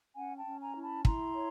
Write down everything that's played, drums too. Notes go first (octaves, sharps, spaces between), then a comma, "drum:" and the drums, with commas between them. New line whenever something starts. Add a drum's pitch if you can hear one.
C#4 F#5 G#5
G5 A5
C#4
G#5 A#5
E4
A5 B5
E4 A#5 C6, drum: kick
C#5